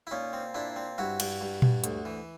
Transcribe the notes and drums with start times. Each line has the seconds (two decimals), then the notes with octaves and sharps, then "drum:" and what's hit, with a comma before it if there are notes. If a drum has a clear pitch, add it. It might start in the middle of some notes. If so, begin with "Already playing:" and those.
0.07 E4
0.11 A#2 C#4 D#4
0.33 C4
0.54 A#2 D4 E4
0.76 C4
0.98 G2 E4 F#4
1.20 G2, drum: cymbal
1.41 G2
1.62 G2, drum: tom A#2
1.84 D2, drum: hi-hat
2.05 E3